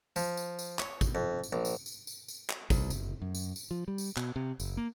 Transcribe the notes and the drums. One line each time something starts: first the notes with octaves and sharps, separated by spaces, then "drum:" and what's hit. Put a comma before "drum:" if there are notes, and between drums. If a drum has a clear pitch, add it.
F3, drum: tambourine
drum: tambourine
drum: tambourine
C#5, drum: clap
drum: kick, tambourine
F2
drum: tambourine
A#1
drum: tambourine
drum: tambourine
drum: tambourine
drum: tambourine
drum: clap
C2, drum: kick, tambourine
F#1, drum: tambourine
F#2
drum: tambourine
drum: tambourine
F3
G3
drum: tambourine
B2, drum: clap
C3
F#1, drum: tambourine
A#3